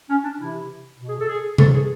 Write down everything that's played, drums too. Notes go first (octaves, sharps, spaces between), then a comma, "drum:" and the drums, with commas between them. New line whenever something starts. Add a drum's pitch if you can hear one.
C#4
D4
C3 E3 E4
B2
G#4
A4
G#4
A2 E3 A4, drum: tom C3
G#4